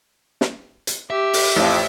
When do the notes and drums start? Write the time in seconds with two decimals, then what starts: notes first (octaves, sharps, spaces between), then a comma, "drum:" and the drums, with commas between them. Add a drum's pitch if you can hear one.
0.41 drum: snare
0.87 drum: hi-hat
1.10 G4 E5
1.33 drum: open hi-hat
1.57 A1 F2